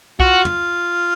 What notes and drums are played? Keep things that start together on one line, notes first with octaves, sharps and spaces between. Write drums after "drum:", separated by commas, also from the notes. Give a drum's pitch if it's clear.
F4 F#4, drum: kick
drum: tom